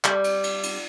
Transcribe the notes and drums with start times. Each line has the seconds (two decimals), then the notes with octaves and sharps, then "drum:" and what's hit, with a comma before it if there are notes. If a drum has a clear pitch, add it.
0.04 G3, drum: clap
0.24 drum: cymbal
0.44 drum: cymbal
0.63 drum: cymbal